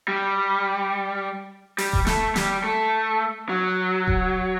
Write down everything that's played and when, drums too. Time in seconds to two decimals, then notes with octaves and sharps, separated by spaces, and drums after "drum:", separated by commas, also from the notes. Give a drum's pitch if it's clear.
0.08 G3
1.78 G3, drum: open hi-hat
1.93 drum: kick D#1
2.07 A3, drum: snare
2.36 G3, drum: snare
2.64 A3
3.49 F#3
4.08 drum: kick D#1